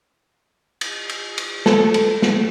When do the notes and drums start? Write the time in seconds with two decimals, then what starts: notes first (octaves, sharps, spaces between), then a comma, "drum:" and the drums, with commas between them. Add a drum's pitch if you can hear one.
0.81 drum: cymbal
1.09 drum: cymbal
1.38 drum: cymbal
1.66 A4, drum: snare
1.94 drum: cymbal
2.22 drum: snare